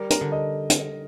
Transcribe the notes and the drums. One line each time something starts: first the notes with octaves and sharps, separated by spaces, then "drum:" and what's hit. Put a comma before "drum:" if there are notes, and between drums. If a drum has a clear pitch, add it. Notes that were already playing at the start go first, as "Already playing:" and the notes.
Already playing: G3 A#4
A#4, drum: hi-hat
D3
D#5
drum: hi-hat